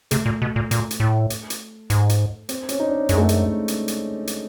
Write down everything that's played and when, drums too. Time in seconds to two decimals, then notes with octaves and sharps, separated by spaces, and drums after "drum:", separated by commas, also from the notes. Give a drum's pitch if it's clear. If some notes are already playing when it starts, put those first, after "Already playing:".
0.11 C3 A3, drum: hi-hat
0.26 A#2
0.42 B2
0.56 A#2
0.71 A#2, drum: hi-hat
0.91 drum: hi-hat
1.00 A2
1.30 drum: hi-hat
1.50 drum: hi-hat
1.90 G#2, drum: hi-hat
2.09 drum: hi-hat
2.49 C4, drum: hi-hat
2.69 C#4, drum: hi-hat
2.79 D#4
2.88 D4
3.09 F#2 G#3, drum: hi-hat
3.18 A3
3.29 G#3, drum: hi-hat
3.68 drum: hi-hat
3.88 drum: hi-hat
4.27 drum: hi-hat